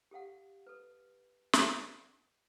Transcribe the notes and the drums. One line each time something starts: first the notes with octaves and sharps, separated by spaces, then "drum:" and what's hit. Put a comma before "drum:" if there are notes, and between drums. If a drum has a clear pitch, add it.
G4 A4 F5 F#5
A4 B4
drum: snare